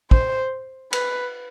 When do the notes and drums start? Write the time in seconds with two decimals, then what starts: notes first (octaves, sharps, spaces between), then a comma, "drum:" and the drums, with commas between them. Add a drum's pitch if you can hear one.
0.11 C5, drum: kick
0.93 B4, drum: cymbal